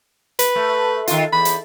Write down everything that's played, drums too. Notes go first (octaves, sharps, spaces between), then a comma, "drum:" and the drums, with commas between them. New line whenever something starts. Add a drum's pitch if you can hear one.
B4, drum: hi-hat
A3
D#3 F4, drum: hi-hat
E2 B5
drum: hi-hat